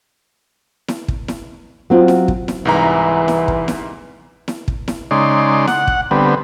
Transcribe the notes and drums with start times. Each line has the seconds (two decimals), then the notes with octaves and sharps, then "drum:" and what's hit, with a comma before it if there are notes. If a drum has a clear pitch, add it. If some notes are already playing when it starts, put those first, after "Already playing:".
0.88 drum: snare E4
1.08 drum: kick
1.28 drum: snare E4
1.90 F#3 C4 F4
2.08 drum: snare E4
2.28 drum: kick
2.48 drum: snare E4
2.65 C2 G#2 E3 A#5
3.28 drum: snare E4
3.48 drum: kick
3.68 drum: snare E4
4.48 drum: snare E4
4.68 drum: kick
4.88 drum: snare E4
5.11 C#3 G#3 D#4 D5 C6
5.67 F#5, drum: snare E4
5.87 drum: kick
6.11 D3 G3 B3 C4